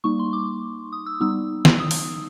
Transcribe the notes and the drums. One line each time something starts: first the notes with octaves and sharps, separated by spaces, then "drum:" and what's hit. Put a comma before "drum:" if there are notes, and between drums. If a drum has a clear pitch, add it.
G3 A#3 D#4 C#6
C6
D6
D#6
E6
G3 B3 D#4 E6
drum: snare
D#6
drum: open hi-hat